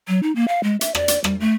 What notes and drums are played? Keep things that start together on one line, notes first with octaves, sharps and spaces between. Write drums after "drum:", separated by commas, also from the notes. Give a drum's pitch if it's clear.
F#3
D#4
A#3
F5
G#3
E5, drum: hi-hat
D5, drum: rim click
drum: hi-hat
G3, drum: rim click
A3